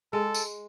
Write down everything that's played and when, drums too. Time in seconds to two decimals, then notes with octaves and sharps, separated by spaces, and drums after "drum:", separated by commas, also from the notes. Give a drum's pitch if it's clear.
0.13 G#3 A4
0.34 drum: tambourine